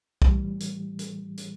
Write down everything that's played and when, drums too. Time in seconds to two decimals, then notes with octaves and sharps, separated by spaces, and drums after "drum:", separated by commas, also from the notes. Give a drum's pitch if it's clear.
0.22 A2 E3 G3, drum: kick
0.60 drum: hi-hat
0.99 drum: hi-hat
1.37 drum: hi-hat